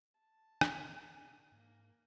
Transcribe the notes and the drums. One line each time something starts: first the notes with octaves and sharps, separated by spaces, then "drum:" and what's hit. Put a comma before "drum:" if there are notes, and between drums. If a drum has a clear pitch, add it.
A5
G5, drum: rim click
G#2 A#3